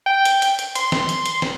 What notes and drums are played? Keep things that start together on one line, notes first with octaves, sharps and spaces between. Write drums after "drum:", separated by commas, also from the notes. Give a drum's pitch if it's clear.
G5
drum: hi-hat
drum: hi-hat
drum: hi-hat
C6, drum: hi-hat
drum: snare
drum: hi-hat
drum: hi-hat
drum: snare